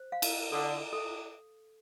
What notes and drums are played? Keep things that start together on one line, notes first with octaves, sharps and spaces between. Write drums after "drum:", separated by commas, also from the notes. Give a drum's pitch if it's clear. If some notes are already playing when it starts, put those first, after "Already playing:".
Already playing: C5
F5
drum: cymbal
D3 A4
A4